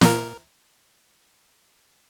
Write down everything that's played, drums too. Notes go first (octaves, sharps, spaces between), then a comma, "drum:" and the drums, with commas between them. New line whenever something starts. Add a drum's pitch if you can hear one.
A#2 A#4, drum: snare